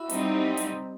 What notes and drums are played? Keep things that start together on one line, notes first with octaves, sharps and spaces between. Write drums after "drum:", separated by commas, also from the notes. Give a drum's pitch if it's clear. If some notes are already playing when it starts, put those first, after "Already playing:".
Already playing: E4 F#4
G3 C4 D#4, drum: hi-hat
drum: hi-hat